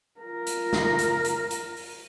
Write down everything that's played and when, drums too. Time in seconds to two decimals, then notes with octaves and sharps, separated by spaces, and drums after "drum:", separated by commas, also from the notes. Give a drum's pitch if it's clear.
0.21 F4 A#4
0.47 drum: hi-hat
0.73 drum: snare
0.99 drum: hi-hat
1.25 drum: hi-hat
1.51 drum: hi-hat
1.77 drum: open hi-hat